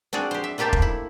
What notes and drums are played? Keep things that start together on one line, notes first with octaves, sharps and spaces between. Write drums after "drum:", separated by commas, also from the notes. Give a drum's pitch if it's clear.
C4 D4 F#4 G#4
G4 C5
E5
A3 A#3 G4 A4 C5 E5
drum: kick E1
E4